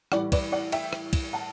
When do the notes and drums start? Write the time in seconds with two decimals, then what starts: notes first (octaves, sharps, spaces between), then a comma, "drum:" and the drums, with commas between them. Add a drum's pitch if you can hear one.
0.12 A2 E3 G3 D5 F#5, drum: rim click
0.32 B4 D5, drum: kick, cymbal
0.52 D5 F#5
0.72 E5 G5, drum: cymbal
0.93 drum: rim click
1.13 drum: kick, cymbal
1.33 F#5 A5